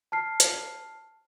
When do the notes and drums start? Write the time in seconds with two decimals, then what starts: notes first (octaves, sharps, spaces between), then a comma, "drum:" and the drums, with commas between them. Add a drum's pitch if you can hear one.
0.12 A5 F6 C7
0.40 drum: hi-hat